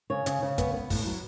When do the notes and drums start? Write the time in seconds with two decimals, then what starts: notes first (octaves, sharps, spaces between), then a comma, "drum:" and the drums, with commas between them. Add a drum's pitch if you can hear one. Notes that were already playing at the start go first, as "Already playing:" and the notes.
0.10 C#3 C#5
0.26 C#3, drum: hi-hat
0.42 C#3
0.58 B3, drum: kick, hi-hat
0.74 B3
0.90 A2, drum: kick, open hi-hat
1.06 F#3